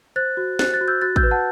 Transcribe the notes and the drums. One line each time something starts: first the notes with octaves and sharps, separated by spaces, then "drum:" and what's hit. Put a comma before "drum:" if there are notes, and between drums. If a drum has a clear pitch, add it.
C5 F#6 A6
F#4
C5 F#6 A6, drum: snare
F#6 A6
F#4
E6 G6
F#4 F#6 A6
E6 G6, drum: kick
B4
F#5 A5